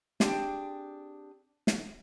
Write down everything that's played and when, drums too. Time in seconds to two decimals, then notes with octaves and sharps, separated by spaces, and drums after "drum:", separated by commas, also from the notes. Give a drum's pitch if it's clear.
0.20 C4 D4 G4 G#4 G5, drum: snare
1.67 drum: snare